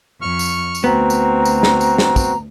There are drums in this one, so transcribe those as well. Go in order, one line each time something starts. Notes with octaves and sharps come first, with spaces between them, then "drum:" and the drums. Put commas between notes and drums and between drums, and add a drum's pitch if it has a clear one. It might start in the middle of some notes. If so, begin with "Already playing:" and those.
F2 C#6 F6
drum: tambourine
drum: tambourine
D2 B3 C4 F#4 A#5
drum: tambourine
drum: tambourine
drum: snare
drum: tambourine
drum: snare
drum: kick, tambourine